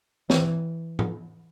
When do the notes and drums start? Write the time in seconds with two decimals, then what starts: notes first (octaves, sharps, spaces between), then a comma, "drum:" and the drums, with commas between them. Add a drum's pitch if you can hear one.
0.30 E3, drum: snare
0.99 drum: tom